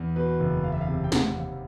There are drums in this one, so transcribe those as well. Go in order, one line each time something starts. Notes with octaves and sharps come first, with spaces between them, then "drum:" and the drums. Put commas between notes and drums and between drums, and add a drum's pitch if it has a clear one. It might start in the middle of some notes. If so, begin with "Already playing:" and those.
Already playing: E2
B2 B4
F#1
E2 F5
E5
F5
C3
G5
D#2 F#5, drum: snare
D#2 F5